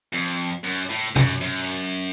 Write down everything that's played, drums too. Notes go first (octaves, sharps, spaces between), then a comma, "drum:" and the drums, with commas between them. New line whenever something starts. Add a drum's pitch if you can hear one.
F2
F#2
A2
F#2, drum: tom
F#2, drum: hi-hat